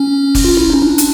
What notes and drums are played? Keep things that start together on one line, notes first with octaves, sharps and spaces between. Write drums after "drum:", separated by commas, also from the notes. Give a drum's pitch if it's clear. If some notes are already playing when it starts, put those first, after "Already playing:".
Already playing: C#4
drum: kick, open hi-hat
F4
E4
D#4
D4
drum: hi-hat